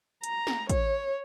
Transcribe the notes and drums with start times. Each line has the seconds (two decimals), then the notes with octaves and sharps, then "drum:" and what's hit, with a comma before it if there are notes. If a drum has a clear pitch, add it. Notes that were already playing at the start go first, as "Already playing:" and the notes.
0.24 A#5, drum: hi-hat
0.47 drum: snare
0.69 C#5, drum: kick, hi-hat